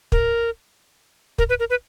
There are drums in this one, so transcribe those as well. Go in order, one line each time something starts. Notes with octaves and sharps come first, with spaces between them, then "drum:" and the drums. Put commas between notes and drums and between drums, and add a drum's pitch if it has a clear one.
A#4, drum: kick
A#4, drum: kick
B4
A#4
B4